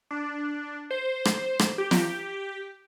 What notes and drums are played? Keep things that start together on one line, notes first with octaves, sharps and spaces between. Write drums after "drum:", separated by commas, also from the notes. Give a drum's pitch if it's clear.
D4
C5
drum: rim click
drum: rim click
G4
drum: snare